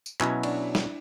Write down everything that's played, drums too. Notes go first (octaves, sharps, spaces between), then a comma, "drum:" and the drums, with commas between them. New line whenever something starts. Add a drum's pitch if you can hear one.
drum: tambourine
B2 F#3 C#4 E4, drum: clap
D4, drum: cymbal
drum: snare